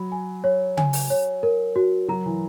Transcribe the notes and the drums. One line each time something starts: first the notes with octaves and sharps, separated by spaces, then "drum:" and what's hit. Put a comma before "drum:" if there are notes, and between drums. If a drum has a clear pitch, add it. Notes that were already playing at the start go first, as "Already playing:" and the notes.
Already playing: F#3 B5
G#5
C#5
G#5, drum: tom C#3
drum: open hi-hat
C#5
A#4
F#4
F#3 A#5
E3